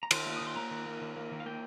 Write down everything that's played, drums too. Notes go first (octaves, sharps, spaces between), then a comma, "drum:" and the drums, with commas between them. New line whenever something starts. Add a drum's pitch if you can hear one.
A#5
D#3 C6, drum: cymbal
A#3
D#6
D#3
C6
A#3 A#5
D#3
A#3
D#3
A#3
D#3
F5
A#3 G5